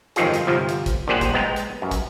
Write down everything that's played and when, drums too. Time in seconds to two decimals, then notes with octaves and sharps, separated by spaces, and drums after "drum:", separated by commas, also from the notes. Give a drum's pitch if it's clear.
0.16 G1 F2 D#3 F3 F4 G#4, drum: hi-hat
0.34 drum: hi-hat
0.47 G1 C3 F3
0.69 drum: hi-hat
0.86 drum: kick, hi-hat
1.08 A#1 A#2 G4 G#4 C5 F#5
1.21 drum: kick, hi-hat
1.34 G#3 B3 G5 A#5
1.56 drum: hi-hat
1.82 F#2
1.91 drum: kick, hi-hat